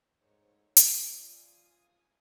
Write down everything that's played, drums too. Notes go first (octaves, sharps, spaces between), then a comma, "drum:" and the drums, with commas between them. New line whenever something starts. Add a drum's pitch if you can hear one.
G#2 G#3 A3 C4 A#4 C5 C#5
F4 D5 D#6 G#6, drum: hi-hat
F3 F5 G#5 D#6